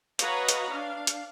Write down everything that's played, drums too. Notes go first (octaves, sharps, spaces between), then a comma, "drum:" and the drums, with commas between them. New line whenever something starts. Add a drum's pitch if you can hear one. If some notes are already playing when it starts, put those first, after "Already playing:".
F#4 B4 C#5 D#5 F5 A#5, drum: hi-hat
drum: hi-hat
D4 F5
drum: hi-hat